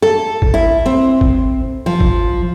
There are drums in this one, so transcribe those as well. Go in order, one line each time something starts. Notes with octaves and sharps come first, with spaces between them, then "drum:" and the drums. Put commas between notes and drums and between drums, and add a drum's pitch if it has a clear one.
A4
drum: kick
E4
C4
drum: kick
F3
drum: kick